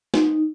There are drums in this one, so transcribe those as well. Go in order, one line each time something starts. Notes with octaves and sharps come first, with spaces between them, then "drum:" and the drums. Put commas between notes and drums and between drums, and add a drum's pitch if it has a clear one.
D#4, drum: snare